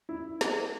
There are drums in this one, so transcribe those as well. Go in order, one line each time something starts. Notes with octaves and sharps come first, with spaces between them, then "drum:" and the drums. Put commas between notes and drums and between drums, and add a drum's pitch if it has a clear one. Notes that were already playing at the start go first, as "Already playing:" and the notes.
E4
drum: snare